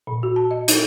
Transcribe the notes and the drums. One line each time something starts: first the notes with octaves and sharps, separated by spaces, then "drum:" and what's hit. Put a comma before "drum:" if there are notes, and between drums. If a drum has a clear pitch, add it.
A#2
F#4
A5
D#5
D#4, drum: hi-hat